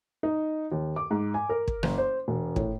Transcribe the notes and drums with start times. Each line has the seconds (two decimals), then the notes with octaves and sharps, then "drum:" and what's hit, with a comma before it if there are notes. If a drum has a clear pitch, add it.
0.23 D#4
0.72 D#2
0.96 D6
1.10 G#2
1.34 G#5
1.49 A#4
1.68 drum: kick
1.83 F#1, drum: rim click
1.98 C5
2.28 E1
2.56 A2, drum: kick